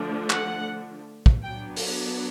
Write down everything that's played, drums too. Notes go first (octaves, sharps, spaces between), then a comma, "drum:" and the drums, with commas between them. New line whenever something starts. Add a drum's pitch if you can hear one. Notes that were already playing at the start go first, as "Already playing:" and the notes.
Already playing: D3 F3 A3 D4
F#5, drum: clap
drum: kick
F#3 B3 D4 G5
drum: open hi-hat